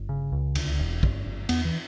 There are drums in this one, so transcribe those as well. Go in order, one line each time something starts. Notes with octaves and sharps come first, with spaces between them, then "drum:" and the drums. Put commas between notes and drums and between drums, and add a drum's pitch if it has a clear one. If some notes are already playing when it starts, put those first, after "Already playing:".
Already playing: G1
C#3
C#2
D2, drum: cymbal
E1
G1, drum: kick
G1
E2 B3, drum: cymbal
E3